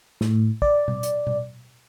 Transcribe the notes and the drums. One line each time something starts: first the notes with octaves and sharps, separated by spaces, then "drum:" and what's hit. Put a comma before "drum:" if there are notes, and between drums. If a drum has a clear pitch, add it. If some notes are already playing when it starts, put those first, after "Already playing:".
A2, drum: snare
D5, drum: kick
drum: tom B2
drum: hi-hat
drum: tom B2